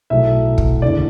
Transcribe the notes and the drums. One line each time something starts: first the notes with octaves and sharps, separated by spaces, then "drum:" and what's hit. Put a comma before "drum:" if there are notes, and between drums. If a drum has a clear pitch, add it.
B1 A2 F#3 A3 E5
drum: kick
F#1 E2 D3 D5